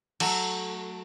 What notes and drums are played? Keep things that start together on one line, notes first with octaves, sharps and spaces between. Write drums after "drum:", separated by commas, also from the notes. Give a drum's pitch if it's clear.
F#3 A3, drum: cymbal